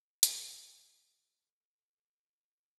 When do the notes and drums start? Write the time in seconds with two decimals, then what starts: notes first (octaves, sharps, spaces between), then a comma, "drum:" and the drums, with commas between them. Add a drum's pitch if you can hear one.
0.23 F#3, drum: hi-hat
1.44 A4
2.20 F4